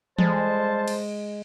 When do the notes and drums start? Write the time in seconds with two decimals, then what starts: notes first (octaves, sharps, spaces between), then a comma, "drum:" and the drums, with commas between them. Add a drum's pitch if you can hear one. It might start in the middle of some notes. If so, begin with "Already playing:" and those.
0.18 F2 G3 G#3 C5 A5, drum: tom E3
0.88 drum: cymbal